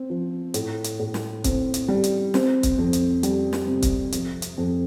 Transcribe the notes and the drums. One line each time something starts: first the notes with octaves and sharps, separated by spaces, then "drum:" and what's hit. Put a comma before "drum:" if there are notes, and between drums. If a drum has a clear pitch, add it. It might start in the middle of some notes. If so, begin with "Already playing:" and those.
Already playing: C4
F3
A2, drum: hi-hat
drum: hi-hat
A2
drum: snare
C4, drum: kick, hi-hat
drum: hi-hat
G3
drum: hi-hat
C4, drum: snare
drum: kick, hi-hat
F2
drum: hi-hat
G3, drum: hi-hat
drum: snare
C3
drum: kick, hi-hat
F2, drum: hi-hat
drum: hi-hat
F2